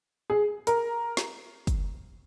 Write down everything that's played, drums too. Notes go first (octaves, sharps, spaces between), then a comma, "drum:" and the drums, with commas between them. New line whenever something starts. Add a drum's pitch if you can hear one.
G#4
A#4, drum: hi-hat
drum: snare
drum: kick, hi-hat